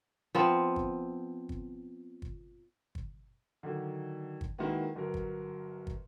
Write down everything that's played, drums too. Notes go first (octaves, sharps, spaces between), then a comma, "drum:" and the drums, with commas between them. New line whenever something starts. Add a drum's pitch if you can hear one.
F3 B3 C4
drum: kick
drum: kick
drum: kick
drum: kick
D3 D#3 F#3
drum: kick
D#3 G#3 A#3 E4 F#4 B4
G1 F#3 A#4
drum: kick
drum: kick